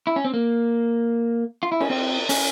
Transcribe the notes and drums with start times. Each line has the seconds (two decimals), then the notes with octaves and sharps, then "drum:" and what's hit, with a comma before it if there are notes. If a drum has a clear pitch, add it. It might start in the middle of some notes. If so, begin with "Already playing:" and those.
0.07 E4
0.16 C#4
0.25 C4
0.34 A#3
1.63 F4
1.72 E4
1.81 C#4, drum: cymbal
1.90 C4
2.29 C#4, drum: open hi-hat